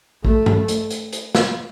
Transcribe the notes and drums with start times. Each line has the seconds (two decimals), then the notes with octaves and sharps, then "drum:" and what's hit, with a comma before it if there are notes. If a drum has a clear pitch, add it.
0.25 A3, drum: kick A#1
0.46 drum: tom G2
0.68 drum: hi-hat
0.90 drum: hi-hat
1.13 drum: hi-hat
1.35 drum: snare